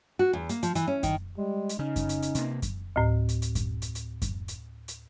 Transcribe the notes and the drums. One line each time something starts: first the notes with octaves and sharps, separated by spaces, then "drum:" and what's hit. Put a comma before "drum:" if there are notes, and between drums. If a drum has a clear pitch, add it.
F#4
E2
A#3, drum: hi-hat
F3, drum: hi-hat
E3, drum: hi-hat
C#4
D#3, drum: kick F#2, hi-hat
G3 G#3
drum: hi-hat
C#3 C#4 D#4
drum: kick F#2, hi-hat
drum: hi-hat
drum: hi-hat
C3 A#3, drum: hi-hat
drum: kick F#2, hi-hat
D2 A2
drum: hi-hat
drum: hi-hat
drum: kick F#2, hi-hat
drum: hi-hat
drum: hi-hat
drum: kick F#2, hi-hat
drum: hi-hat
drum: hi-hat